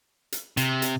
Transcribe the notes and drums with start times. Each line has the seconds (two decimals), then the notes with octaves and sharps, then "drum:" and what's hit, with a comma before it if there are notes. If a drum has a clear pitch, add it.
0.32 drum: hi-hat
0.57 C3, drum: hi-hat
0.82 drum: hi-hat